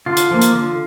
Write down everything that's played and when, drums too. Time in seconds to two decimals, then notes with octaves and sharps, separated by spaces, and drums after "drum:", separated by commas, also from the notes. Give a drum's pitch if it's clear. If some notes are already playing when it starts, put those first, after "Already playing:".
0.06 D3 F4
0.17 drum: hi-hat
0.31 F3 A#3
0.42 drum: hi-hat
0.55 D3